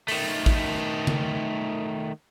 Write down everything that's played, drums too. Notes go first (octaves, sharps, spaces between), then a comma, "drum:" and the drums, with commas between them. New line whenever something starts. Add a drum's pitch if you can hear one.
D#3 A3, drum: open hi-hat
drum: kick A1
drum: tom C#3